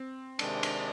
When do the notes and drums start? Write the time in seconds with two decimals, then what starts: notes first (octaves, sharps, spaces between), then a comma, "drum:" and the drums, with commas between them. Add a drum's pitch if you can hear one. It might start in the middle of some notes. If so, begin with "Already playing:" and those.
Already playing: C4
0.39 C3 D#3 G#3 D4, drum: cymbal
0.63 drum: cymbal